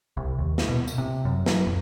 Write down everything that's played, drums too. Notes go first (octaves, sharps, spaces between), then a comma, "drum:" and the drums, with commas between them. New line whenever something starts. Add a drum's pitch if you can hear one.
C2
D#2
drum: snare
B2
drum: tambourine
C3
F#2
F#3, drum: snare
F2